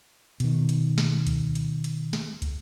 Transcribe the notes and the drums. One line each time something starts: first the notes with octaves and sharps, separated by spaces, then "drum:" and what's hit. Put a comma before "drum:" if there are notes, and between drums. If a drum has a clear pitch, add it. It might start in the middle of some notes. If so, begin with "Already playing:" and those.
B2 D#3, drum: hi-hat
drum: hi-hat
drum: snare
drum: kick, hi-hat
drum: hi-hat
drum: hi-hat
drum: snare
drum: kick, hi-hat